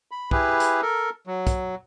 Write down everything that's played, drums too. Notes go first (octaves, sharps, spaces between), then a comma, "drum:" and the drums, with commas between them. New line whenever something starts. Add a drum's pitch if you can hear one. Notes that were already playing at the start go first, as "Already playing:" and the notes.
B5
E4 G4 G#4 B4, drum: kick
drum: hi-hat
A4 A#4
F#3
drum: kick, hi-hat